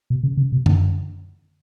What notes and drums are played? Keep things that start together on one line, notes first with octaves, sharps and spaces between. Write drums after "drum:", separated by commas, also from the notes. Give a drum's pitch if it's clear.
B2
C#3
C#3
B2
D3, drum: tom F#2